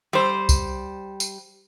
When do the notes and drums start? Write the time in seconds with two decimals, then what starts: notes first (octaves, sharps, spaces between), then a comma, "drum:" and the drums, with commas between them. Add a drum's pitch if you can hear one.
0.13 G3 C5
0.49 drum: kick C2, tambourine
1.20 drum: tambourine